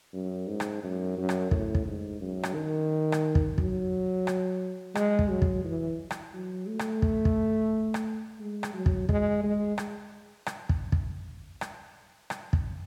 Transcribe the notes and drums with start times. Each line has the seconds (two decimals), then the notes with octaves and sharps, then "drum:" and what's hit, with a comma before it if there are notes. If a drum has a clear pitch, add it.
0.14 F#2
0.48 G#2
0.60 drum: rim click
0.83 F#2
1.18 F#2
1.29 drum: rim click
1.51 A2, drum: kick
1.75 drum: kick
1.86 G#2
2.21 F#2
2.43 drum: rim click
2.55 D#3
3.12 drum: rim click
3.35 drum: kick
3.58 F#3, drum: kick
4.27 drum: rim click
4.95 G#3, drum: rim click
5.19 drum: kick
5.30 F#3
5.42 drum: kick
5.64 E3
6.11 drum: rim click
6.34 F#3
6.68 A3
6.79 drum: rim click
7.02 drum: kick
7.25 drum: kick
7.94 drum: rim click
8.40 G#3
8.63 drum: rim click
8.74 F#3
8.86 drum: kick
9.09 G#3, drum: kick
9.43 G#3
9.78 drum: rim click
10.46 drum: rim click
10.69 drum: kick
10.92 drum: kick
11.61 drum: rim click
12.30 drum: rim click
12.53 drum: kick